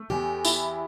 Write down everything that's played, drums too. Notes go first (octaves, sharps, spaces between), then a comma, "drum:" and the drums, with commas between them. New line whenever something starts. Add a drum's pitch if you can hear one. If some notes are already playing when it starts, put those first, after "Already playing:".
Already playing: A3
E2 G4
E4, drum: tambourine